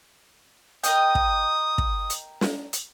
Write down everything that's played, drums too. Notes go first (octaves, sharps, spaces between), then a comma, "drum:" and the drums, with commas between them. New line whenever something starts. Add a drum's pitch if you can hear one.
A#4 D#5 G5 D#6, drum: hi-hat
drum: kick
drum: kick
drum: hi-hat
drum: snare
drum: hi-hat